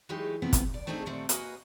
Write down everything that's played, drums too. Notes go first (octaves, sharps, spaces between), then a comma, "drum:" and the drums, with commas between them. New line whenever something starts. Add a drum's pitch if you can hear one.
E3 F#3 G#3 A3 D#4 G4
C3 F3 A3 B3 C4
drum: kick, hi-hat
D5
A3 C4 D4 D#4 G4 G#4
A#2 D#3 G3 A3 C4 F#5
A#3 F#4 B4 D#5 F#5 G#5, drum: hi-hat